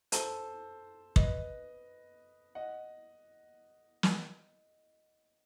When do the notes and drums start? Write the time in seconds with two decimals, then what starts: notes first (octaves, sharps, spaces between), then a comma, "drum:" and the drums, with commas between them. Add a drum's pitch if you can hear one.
0.12 A4 C5, drum: hi-hat
1.16 B4 D#5, drum: kick
2.55 D#5 F#5
4.03 drum: snare